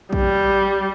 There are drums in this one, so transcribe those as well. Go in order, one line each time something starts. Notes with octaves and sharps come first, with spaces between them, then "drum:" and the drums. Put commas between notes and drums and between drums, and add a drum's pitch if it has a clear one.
G3, drum: kick